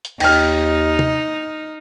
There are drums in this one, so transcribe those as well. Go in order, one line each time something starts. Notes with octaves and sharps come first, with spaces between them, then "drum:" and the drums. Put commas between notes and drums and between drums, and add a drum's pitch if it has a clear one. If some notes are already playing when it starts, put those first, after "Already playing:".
drum: hi-hat
D#2 D#4 G5 F6, drum: cymbal
drum: tom C3